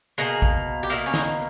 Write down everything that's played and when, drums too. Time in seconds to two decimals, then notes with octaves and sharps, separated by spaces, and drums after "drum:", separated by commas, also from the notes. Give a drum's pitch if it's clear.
0.18 B2 A#3 G#4
0.42 drum: kick A1
0.83 G4
0.90 B2 A#3 E4
1.06 C#4
1.14 D#4, drum: snare